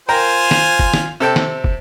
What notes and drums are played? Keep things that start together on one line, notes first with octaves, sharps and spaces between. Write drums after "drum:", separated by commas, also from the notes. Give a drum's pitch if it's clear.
F4 A#4 C5 G5 G#5 A#5
drum: snare
drum: kick
drum: snare
C3 A4 G5
drum: snare
drum: kick